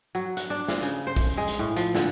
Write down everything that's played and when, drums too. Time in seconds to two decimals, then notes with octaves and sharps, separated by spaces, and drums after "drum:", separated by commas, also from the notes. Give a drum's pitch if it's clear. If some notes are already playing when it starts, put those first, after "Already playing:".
0.15 F#3
0.37 F#5, drum: hi-hat
0.50 D4
0.68 F5, drum: snare
0.83 C#3, drum: hi-hat
1.07 C5
1.16 drum: kick A#1, open hi-hat
1.38 G#3
1.48 drum: hi-hat
1.59 A2
1.76 F3, drum: hi-hat
1.95 D3, drum: snare